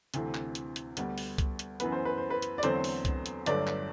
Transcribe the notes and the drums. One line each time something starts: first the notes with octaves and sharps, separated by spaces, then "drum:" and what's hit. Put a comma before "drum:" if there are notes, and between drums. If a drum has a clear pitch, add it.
D2 C3 E3 A3 C4, drum: hi-hat
drum: clap
drum: hi-hat
drum: hi-hat
D2 D3 G3 B3, drum: hi-hat
drum: open hi-hat
drum: kick C2, hi-hat
drum: hi-hat
F#2 E3 B3 B4, drum: hi-hat
C5
B4
C5
B4
drum: hi-hat
D5
E2 D3 F#3 A3 C4 C5, drum: hi-hat
drum: open hi-hat
drum: kick C2, hi-hat
drum: hi-hat
G1 G2 F#3 A3 D5, drum: hi-hat
drum: clap